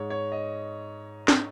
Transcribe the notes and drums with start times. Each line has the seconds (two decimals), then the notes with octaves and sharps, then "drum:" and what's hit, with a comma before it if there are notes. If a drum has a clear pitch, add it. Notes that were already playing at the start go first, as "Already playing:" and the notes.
Already playing: G#2 G#3 C#5
0.10 C#5
0.32 D#5
1.28 drum: snare